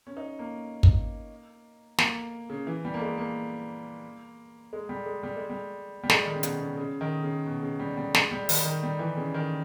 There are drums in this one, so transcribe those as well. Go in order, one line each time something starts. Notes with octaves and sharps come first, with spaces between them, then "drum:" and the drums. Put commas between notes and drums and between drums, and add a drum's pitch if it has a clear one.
C#4
D#4
A#3
drum: kick
A#3, drum: snare
C#3
E3
G3
A#3
G#3
A#3
G#3
G3
G#3
G3
G#3
G3
G3
G#3, drum: snare
D#3
C#3
B2, drum: hi-hat
C#3
C#3
D#3
C#3
B2
C#3
G3
G3
G#3, drum: snare
G3
D#3, drum: open hi-hat
D#3
G3
E3
C#3
D#3